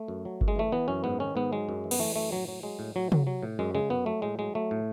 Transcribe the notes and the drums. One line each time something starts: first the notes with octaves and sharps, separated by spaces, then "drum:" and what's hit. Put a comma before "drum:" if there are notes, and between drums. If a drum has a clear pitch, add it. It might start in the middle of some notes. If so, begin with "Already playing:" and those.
Already playing: A3
F#2
F#3
F#2, drum: kick G1
G#3
E3 A3
E3 B3
F#2 C#4
G#2 B3
D#3 C#4
G#2 B3
F#3 G#3
F#2
E3
B3, drum: cymbal
E3 A3
F#2 A3
A2 F#3
F#3
F#3 G#3
A2
A2 F#3
F#3, drum: tom
F#3
A2
F#2 G#3
C#3 G#3
F#2 B3
F#3 A3
A2 G#3
F#3 G#3
F#3 A3
A2